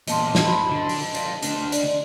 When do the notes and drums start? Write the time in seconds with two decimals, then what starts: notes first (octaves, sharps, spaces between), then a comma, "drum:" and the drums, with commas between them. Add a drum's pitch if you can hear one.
0.08 E2 A#2 D#5 A5 C6, drum: hi-hat
0.35 drum: snare
0.44 B5
0.69 D3
0.89 drum: open hi-hat
1.15 D5 F5, drum: hi-hat
1.42 D2 D4, drum: hi-hat
1.72 D5, drum: hi-hat